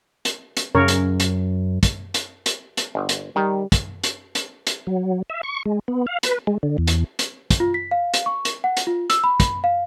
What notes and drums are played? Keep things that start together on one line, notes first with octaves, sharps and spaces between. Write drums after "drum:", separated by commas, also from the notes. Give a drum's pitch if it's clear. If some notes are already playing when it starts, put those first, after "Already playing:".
drum: hi-hat
drum: hi-hat
F#2 C#3 A#4 C#5
drum: hi-hat
drum: hi-hat
drum: kick, hi-hat
drum: hi-hat
drum: hi-hat
drum: hi-hat
G1
drum: hi-hat
D#3 G3
drum: kick, hi-hat
drum: hi-hat
drum: hi-hat
drum: hi-hat
F#3
E5
C#6
G#3
B3
F5
B4, drum: hi-hat
G#3
D3
E2
drum: hi-hat
drum: hi-hat
drum: kick, hi-hat
F4
B6
F5
drum: hi-hat
C#6
drum: hi-hat
F#5
drum: hi-hat
F4
E6, drum: hi-hat
B5
drum: kick, hi-hat
F5